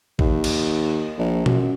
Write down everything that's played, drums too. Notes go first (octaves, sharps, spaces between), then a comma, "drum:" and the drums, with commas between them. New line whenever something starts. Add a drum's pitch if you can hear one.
D#2, drum: kick A1
drum: cymbal
A#1
F#2, drum: tom B2